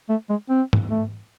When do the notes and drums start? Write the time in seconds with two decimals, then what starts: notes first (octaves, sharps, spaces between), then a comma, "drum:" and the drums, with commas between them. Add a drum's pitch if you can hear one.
0.09 A3
0.29 G#3
0.49 C4
0.73 drum: tom
0.90 A3